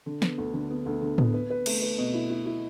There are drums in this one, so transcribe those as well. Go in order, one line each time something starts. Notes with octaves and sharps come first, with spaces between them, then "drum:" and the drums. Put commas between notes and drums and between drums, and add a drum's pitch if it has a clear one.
D3
B3, drum: snare
D2
D3
B3
D2
D3
B3, drum: tom A2
B4
B4
A3, drum: cymbal
B4
B2
E4
E4
E4